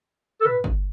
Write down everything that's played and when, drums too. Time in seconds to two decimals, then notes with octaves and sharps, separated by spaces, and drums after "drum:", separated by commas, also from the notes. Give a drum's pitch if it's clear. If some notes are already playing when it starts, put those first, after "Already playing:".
0.41 A4
0.45 B4, drum: tom
0.64 drum: kick